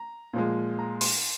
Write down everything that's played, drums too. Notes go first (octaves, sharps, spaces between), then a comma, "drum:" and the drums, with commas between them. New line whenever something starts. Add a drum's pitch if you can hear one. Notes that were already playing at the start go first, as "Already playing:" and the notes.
Already playing: A#5
A#2 F3 G#3
A#5
C6, drum: open hi-hat